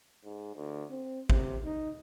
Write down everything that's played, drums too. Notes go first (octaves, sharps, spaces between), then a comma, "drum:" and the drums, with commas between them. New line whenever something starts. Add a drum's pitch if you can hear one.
G#2
D2
C4
C3, drum: kick G#1
D#4